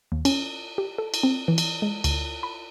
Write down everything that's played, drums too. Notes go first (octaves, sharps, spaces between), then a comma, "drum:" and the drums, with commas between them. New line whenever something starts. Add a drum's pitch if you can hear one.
D#2
C#4, drum: cymbal
G4
A4
drum: cymbal
C4
E3
drum: cymbal
G#3
D2, drum: cymbal
B5